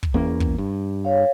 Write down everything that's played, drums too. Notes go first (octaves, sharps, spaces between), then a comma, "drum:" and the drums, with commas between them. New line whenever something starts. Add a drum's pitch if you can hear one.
drum: kick
E2 A#3 C#4
drum: kick
G2
C#5 F5